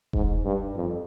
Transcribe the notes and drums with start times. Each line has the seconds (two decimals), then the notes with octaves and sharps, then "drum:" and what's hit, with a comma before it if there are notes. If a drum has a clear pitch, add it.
0.13 G#2, drum: kick E1
0.45 G2
0.76 F2